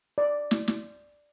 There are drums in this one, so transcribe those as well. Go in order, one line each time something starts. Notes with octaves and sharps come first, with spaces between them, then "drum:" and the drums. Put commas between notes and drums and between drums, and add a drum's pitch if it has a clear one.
D5
drum: snare
drum: snare